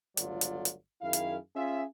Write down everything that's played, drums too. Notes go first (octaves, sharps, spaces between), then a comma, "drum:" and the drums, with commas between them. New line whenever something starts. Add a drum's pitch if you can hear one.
G1 C#2 F#3 A3 F4 D5, drum: hi-hat
drum: hi-hat
drum: hi-hat
F#2 D#3 E4 G#4 F5
drum: hi-hat
C#4 F4 G#4 E5